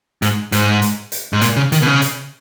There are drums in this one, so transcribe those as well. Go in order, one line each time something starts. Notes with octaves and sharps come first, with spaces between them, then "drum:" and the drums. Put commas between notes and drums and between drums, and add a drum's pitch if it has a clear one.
G#2, drum: hi-hat
G#2, drum: hi-hat
drum: hi-hat
drum: hi-hat
G#2
A#2, drum: hi-hat
C#3
D#3, drum: hi-hat
B2
C#3
drum: hi-hat